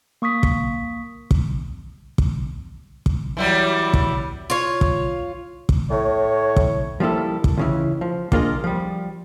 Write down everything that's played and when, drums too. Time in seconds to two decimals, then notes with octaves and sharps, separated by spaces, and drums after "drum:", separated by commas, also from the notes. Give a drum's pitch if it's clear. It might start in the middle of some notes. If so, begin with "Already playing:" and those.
0.22 A#3 C#6 D#6 B6
0.43 drum: kick
1.31 drum: kick
2.18 drum: kick
3.06 drum: kick
3.37 E3 F#3 G3
3.94 drum: kick
4.50 F4 C#5
4.81 drum: kick
5.69 drum: kick
5.91 A2 C#5
6.56 drum: kick
7.00 F3 G3 A#3 E4 A4
7.44 drum: kick
7.58 C#2 C#3 E3
8.01 F3
8.32 A#3 D4 F4 G#4 A#4 D#5, drum: kick
8.64 F3 G3